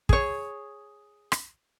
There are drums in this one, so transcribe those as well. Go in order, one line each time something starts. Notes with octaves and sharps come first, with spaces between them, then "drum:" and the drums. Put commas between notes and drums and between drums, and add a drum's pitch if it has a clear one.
G#4 C#5, drum: kick
drum: rim click